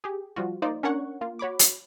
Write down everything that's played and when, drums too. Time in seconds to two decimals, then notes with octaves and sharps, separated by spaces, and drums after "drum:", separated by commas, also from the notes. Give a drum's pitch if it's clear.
0.04 G4 G#4
0.36 F3 G3 F4 F#4
0.62 A#3 D#4 C5 D5
0.83 C#4 D4 A#4 C#5 F#5 C#6
1.21 A#3 F4
1.39 F#4 C#5 B5 D6
1.59 drum: hi-hat